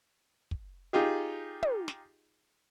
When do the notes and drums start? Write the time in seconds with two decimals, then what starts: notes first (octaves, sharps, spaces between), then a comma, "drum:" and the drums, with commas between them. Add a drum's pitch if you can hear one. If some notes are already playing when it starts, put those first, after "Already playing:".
0.51 drum: kick
0.93 D#4 F4 G4 G#4
1.63 drum: tom
1.88 drum: snare